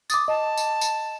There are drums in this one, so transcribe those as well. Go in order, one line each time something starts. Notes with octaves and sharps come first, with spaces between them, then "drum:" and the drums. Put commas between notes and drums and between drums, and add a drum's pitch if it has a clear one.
D6 D#6 A6, drum: tambourine
D#5 A5
drum: tambourine
drum: tambourine